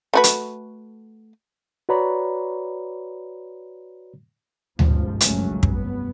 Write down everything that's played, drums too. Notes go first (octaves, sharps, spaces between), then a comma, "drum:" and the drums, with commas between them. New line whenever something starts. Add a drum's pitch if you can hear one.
A3 F#4 B4
drum: hi-hat
F#4 B4 C#5 D5 A#5 B5
G#1 C#2 G2 B2 F3, drum: tom D2
F#1 C#2 G2 F#3 A3 C#4, drum: hi-hat
F1 G2 B3, drum: kick